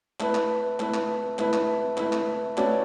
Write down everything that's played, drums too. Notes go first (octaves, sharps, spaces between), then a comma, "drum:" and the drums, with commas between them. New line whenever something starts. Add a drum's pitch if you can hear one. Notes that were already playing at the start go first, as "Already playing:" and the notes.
A3 E4 B4, drum: clap
drum: clap
A3 E4 B4, drum: clap
drum: clap
A3 E4 B4, drum: clap
drum: clap
A3 E4 B4, drum: clap
drum: clap
A3 C#4 F#4 B4 D5, drum: clap